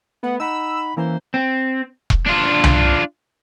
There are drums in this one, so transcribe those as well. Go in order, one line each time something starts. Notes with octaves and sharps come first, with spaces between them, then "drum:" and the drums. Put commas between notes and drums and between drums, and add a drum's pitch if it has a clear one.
A3 B3 F#5
D#4 F#5 B5 E6
E3 A#3 C#4 C5 A#5
C4
drum: kick E1
D4 F4
drum: tom C2